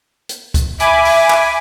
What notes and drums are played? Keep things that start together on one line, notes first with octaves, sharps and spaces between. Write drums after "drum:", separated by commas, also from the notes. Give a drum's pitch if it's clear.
drum: hi-hat
drum: kick C#2, hi-hat
E5 G#5 B5 D6, drum: hi-hat
drum: open hi-hat
drum: clap